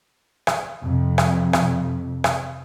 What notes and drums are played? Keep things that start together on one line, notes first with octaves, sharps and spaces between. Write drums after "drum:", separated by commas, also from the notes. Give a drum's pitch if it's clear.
drum: rim click
F2 C3
drum: rim click
drum: rim click
drum: rim click